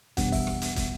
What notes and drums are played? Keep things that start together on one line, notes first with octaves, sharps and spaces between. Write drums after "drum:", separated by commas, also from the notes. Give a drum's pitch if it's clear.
E2 B2 G3 B3 D4 F#5, drum: kick, hi-hat
E5, drum: kick, open hi-hat
drum: rim click
drum: hi-hat
drum: kick, hi-hat